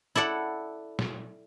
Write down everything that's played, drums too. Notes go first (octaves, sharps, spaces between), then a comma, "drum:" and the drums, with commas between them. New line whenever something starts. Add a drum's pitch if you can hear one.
E4 A4 D5 F#5
drum: snare